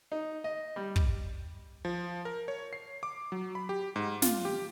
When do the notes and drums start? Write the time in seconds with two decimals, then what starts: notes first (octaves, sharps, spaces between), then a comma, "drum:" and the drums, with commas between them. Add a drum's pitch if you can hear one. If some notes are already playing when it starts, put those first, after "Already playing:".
0.12 D#4
0.44 D#5
0.76 G3
0.96 drum: kick
1.85 F3
2.25 A#4
2.48 C#5
2.73 C7
3.03 D6
3.32 F#3
3.55 B5
3.69 G4
3.96 G#2
4.22 F4, drum: snare
4.45 G4